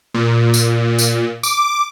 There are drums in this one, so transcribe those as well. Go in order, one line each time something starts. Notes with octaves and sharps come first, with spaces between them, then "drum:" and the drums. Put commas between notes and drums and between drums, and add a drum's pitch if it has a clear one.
A#2
drum: tambourine
drum: tambourine
D6, drum: tambourine